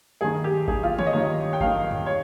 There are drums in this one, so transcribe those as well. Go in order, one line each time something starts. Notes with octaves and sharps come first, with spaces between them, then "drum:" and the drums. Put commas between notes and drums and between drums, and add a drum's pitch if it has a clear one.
G2 D#3 G#4
G4
G2 D#3 G#4, drum: kick G#1
F4
C#5, drum: tom
D#5
G2 D#3 C#5
G5
G2 D#3 F5, drum: kick G#1
drum: tom
C#5